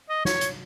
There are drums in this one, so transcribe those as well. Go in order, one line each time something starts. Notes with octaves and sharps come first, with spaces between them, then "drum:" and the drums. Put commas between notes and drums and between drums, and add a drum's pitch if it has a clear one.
D#5
C#5, drum: snare
drum: hi-hat